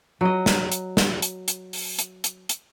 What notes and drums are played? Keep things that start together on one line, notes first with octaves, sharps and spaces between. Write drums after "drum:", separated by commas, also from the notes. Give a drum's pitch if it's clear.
F#3 D#5
drum: snare
drum: hi-hat
drum: snare
drum: hi-hat
drum: hi-hat
drum: open hi-hat
drum: hi-hat
drum: hi-hat
drum: hi-hat